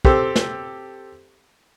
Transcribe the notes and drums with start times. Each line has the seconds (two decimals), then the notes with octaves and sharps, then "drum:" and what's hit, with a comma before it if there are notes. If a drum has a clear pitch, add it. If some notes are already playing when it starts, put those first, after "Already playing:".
0.05 C4 G4 A4, drum: kick
0.36 drum: snare